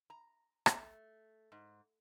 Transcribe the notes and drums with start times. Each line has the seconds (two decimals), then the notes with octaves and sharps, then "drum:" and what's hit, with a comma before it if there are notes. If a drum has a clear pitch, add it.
0.10 A#5
0.66 A3, drum: rim click
1.52 G#2